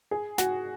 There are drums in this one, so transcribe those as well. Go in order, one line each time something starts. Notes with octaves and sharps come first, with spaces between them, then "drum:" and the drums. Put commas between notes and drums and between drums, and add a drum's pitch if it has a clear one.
G#4
F#4, drum: snare